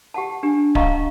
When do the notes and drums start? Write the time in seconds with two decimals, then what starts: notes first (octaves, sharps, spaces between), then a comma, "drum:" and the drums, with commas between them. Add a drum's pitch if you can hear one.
0.14 G4 F#5 A5
0.43 D4 G4 G#5
0.75 D#5 F5 F#5 A5 A#5 C#6, drum: kick D1